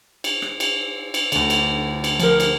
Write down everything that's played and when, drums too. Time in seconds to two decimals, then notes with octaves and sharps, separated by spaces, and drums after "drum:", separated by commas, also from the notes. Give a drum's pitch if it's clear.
0.24 drum: cymbal
0.42 drum: rim click
0.60 drum: cymbal
1.14 drum: cymbal
1.32 D2 D3, drum: cymbal
1.50 drum: cymbal
2.04 drum: cymbal
2.20 F3 A#4, drum: cymbal
2.40 drum: cymbal